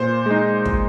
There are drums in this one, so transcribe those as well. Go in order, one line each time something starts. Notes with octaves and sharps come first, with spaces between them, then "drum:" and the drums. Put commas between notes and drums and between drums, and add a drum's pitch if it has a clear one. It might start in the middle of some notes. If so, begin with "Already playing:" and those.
Already playing: A#2 C5
G#3 D#4
drum: kick